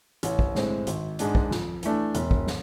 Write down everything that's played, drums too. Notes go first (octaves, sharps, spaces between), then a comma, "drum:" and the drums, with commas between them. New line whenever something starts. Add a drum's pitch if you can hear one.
A1, drum: hi-hat
drum: kick
A2 G#3 C4, drum: snare
G#1, drum: hi-hat
G#2 G#3 D4, drum: hi-hat
drum: kick
F2, drum: snare
E3 A3 D4, drum: hi-hat
E1, drum: hi-hat
drum: kick
drum: snare